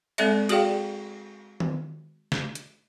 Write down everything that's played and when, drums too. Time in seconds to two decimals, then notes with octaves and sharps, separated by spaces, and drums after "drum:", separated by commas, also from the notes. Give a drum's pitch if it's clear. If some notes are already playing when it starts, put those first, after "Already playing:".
0.18 G#3 C4 A4 D5 E5, drum: cymbal
0.49 F#4 G#4 D5 F5 G5, drum: cymbal
1.60 drum: tom D#3
2.32 drum: snare
2.55 drum: hi-hat